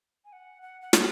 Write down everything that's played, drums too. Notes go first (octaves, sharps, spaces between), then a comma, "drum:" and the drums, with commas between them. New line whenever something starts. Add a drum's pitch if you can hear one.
G#5
F#5
F#5
F#5
G#5, drum: snare